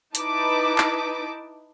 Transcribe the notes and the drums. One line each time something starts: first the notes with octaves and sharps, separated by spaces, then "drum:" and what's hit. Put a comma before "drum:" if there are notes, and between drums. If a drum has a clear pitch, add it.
D#4 E4 B4 A5 D6, drum: hi-hat
drum: clap